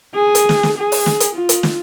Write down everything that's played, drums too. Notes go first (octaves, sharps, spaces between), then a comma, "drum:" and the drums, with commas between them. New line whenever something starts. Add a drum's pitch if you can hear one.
G#4
drum: hi-hat
drum: snare
drum: snare
G#4
drum: open hi-hat
drum: snare
drum: hi-hat
F4
drum: hi-hat
drum: snare